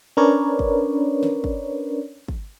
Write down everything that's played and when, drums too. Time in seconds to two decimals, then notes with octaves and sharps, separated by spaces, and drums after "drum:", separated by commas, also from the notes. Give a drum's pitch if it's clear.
0.17 C#4 D4 A#4 B4 C#5 D5
0.59 drum: kick
1.23 drum: snare
1.44 drum: kick
2.28 drum: kick